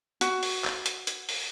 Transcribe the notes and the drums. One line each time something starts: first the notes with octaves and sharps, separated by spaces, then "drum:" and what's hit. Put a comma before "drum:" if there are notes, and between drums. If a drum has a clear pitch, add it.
F#4, drum: hi-hat
drum: open hi-hat
drum: clap
drum: hi-hat
drum: hi-hat
drum: open hi-hat